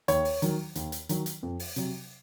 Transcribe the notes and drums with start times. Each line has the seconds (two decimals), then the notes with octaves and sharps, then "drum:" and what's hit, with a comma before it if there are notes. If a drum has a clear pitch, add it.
0.08 D#2 C#5, drum: hi-hat
0.25 drum: open hi-hat
0.42 D#3 F#3, drum: hi-hat
0.75 D#2, drum: hi-hat
0.92 drum: hi-hat
1.09 D#3 F#3, drum: hi-hat
1.26 drum: hi-hat
1.43 F2
1.60 drum: open hi-hat
1.76 C3 F#3, drum: hi-hat